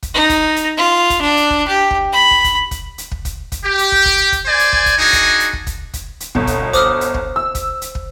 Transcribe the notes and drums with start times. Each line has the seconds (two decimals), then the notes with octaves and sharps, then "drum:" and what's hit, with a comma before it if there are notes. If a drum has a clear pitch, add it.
0.03 drum: kick, hi-hat
0.14 D#4
0.29 drum: kick, hi-hat
0.56 drum: hi-hat
0.77 F4
1.10 drum: kick, hi-hat
1.21 D4
1.37 drum: hi-hat
1.50 drum: kick
1.68 G4
1.91 drum: kick
2.13 B5
2.31 drum: kick
2.44 drum: kick, hi-hat
2.71 drum: kick, hi-hat
2.98 drum: hi-hat
3.11 drum: kick
3.25 drum: kick, hi-hat
3.52 drum: kick, hi-hat
3.64 G4
3.79 drum: hi-hat
3.92 drum: kick
4.05 drum: kick
4.32 drum: kick, hi-hat
4.46 C5 D5 G#5
4.59 drum: hi-hat
4.73 drum: kick
4.86 drum: kick, hi-hat
4.98 D4 D#4 F#4 G#4
5.13 drum: kick, hi-hat
5.40 drum: hi-hat
5.53 drum: kick
5.67 drum: kick, hi-hat
5.94 drum: kick, hi-hat
6.20 drum: hi-hat
6.35 G1 B2, drum: kick
6.47 drum: kick, hi-hat
6.73 C5 D6 D#6 F6, drum: kick, hi-hat
7.01 drum: hi-hat
7.14 drum: kick
7.36 E6
7.55 drum: kick, hi-hat
7.82 drum: hi-hat
7.95 drum: kick